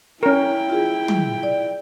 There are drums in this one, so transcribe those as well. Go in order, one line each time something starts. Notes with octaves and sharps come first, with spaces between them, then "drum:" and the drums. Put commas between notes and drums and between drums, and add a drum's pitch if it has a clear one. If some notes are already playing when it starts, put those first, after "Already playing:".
C#4 E4 A#4 G5
F4 G#4
drum: tom
D5